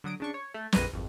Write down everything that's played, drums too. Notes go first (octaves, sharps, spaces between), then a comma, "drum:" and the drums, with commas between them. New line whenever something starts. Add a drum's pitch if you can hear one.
D3 F#3 D#6 D7
C#3 D4 C#6
C#5
A3
A#1 F2 G#4 B4 A#5 D#7, drum: snare
G#1 F2